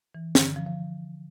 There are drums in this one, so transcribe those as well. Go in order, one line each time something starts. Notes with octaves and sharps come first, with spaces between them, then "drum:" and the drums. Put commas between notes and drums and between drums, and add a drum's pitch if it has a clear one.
E3
D3, drum: snare
F3
F3